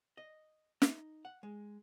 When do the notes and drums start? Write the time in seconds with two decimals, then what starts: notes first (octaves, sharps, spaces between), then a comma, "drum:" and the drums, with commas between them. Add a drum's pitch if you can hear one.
0.17 D#5
0.82 D#4, drum: snare
1.25 F#5
1.43 G#3